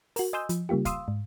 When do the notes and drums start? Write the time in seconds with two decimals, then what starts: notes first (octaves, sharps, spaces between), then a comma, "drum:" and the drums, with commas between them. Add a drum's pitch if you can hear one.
0.16 F#4 A#4, drum: open hi-hat
0.33 D#5 G#5 C6 D#6 E6 G6
0.49 F3, drum: hi-hat
0.69 C#3 G3 A#3 F4 G4
0.85 F5 C6 D#6 E6, drum: kick, hi-hat
1.08 G#2